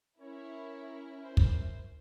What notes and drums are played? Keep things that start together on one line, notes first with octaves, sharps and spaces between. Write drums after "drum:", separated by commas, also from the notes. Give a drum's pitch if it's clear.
C#4 E4 A#4 C#5
C5
drum: kick